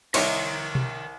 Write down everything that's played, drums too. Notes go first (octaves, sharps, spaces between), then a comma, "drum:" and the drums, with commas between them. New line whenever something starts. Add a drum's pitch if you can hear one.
C2 D#4 A#4 C#5 E5 G5 C6 D6, drum: cymbal
drum: tom B2